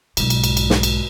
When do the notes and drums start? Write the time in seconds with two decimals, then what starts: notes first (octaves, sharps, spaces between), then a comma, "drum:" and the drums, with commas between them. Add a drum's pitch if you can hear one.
0.17 B1 G#2, drum: cymbal
0.30 drum: cymbal
0.44 drum: cymbal
0.57 drum: cymbal
0.70 drum: snare
0.83 drum: cymbal